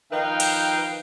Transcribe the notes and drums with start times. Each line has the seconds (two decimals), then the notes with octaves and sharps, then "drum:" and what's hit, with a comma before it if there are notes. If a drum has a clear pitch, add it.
0.12 D#3 F3 D#4 B4 F5 G5
0.40 drum: cymbal